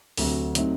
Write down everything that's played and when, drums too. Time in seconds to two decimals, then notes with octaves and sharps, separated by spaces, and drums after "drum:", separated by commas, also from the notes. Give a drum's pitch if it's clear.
0.17 D2 C3 F#3 A3 D4, drum: open hi-hat
0.55 C3 F#3 A3 C4 D#4, drum: hi-hat